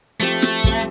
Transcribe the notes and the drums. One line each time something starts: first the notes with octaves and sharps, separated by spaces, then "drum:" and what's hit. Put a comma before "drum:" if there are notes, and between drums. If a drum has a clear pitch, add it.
F3 A3 C4 G4
drum: snare
F3 C4 G4, drum: kick